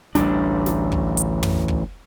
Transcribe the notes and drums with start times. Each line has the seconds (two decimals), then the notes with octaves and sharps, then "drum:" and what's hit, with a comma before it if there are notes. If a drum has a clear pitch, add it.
0.15 A1 D2 G3 D4, drum: snare
0.66 drum: snare
0.92 drum: kick
1.17 drum: hi-hat
1.43 drum: tom
1.68 drum: kick